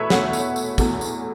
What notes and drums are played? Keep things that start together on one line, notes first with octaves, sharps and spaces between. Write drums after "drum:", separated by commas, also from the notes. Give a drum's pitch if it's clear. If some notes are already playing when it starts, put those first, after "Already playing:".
Already playing: E2 B2 A3 B4 C#5 E5
E2 B2 A3 F#5, drum: snare
drum: tambourine
drum: tambourine
E2 B2 A3, drum: kick, tambourine
drum: tambourine